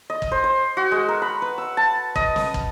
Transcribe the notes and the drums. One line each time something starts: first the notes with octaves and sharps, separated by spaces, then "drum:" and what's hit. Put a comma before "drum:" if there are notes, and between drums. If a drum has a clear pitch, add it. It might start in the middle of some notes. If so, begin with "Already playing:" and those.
D#5
drum: kick
C5
C5
F#4
G#3
A#4
B5
B4
E6
A5
D#5, drum: kick
D#6, drum: snare
drum: kick